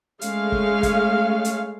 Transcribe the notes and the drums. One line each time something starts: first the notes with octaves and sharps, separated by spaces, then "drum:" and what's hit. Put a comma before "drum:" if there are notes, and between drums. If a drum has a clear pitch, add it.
G#3 A3 C#4 F5, drum: hi-hat
drum: kick
drum: kick, hi-hat
drum: hi-hat